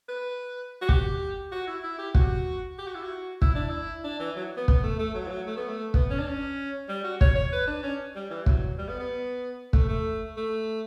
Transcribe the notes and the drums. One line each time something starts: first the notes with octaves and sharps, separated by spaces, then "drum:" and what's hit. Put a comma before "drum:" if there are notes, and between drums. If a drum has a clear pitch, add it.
B4
F#4
G4, drum: kick
F#4
E4
E4
G4
F#4, drum: kick
G4
F#4
E4
F#4
E4, drum: kick
D4
E4
D4
E3
F#3
B3
B3, drum: kick
A3
A3
F#3
E3
F#3
A3
B3
A3
B3, drum: kick
C#4
D4
C#4
G3
F#4
C#5, drum: kick
C#5
B4
D4
C#4
G3
E3
F#3, drum: kick
G3
B3
B3
A3, drum: kick
A3
A3